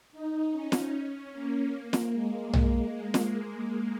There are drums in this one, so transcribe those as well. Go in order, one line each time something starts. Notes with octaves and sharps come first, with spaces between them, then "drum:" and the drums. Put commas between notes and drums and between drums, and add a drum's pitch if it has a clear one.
D#4
C#4
drum: snare
A#3
drum: snare
G#3
drum: tom
drum: snare